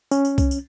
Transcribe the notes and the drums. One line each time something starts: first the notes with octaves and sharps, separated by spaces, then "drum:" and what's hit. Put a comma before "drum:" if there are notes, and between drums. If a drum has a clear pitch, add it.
C#4, drum: tambourine
drum: tambourine
drum: kick C2, tambourine
drum: tambourine